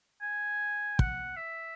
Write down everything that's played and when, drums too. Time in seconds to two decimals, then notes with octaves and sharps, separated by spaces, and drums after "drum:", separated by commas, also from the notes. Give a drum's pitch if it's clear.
0.22 G#5
0.99 F#5, drum: kick
1.36 E5